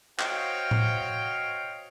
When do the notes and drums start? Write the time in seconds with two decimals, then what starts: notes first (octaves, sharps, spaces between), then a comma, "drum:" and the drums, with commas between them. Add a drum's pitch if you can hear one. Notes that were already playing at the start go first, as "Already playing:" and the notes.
0.20 F#4 C5 C#5 D#5 F5 G5, drum: clap
0.71 drum: tom A2